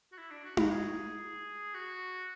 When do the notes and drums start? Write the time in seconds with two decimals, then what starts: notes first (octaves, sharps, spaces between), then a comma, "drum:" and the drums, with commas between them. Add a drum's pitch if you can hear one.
0.12 F#4
0.18 E4
0.31 D4
0.44 F#4
0.57 F#4, drum: tom D#4
0.70 G#4
1.74 F#4